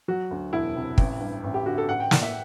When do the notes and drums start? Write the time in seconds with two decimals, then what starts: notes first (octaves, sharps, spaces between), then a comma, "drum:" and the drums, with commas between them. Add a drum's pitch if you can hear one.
0.08 F#3 F#4
0.31 D2
0.53 E1 E4
0.76 C3
0.98 A1, drum: kick
1.20 G2
1.44 A1
1.54 G4
1.66 D3 F#4
1.78 A4
1.89 A1 F#5
2.00 G5
2.11 A2, drum: snare
2.23 E5